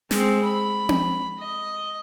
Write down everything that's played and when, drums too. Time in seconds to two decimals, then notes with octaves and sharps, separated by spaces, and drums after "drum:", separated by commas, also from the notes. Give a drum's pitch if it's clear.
0.11 G#3 C4, drum: snare
0.44 B5
0.89 drum: tom C4
1.39 D#5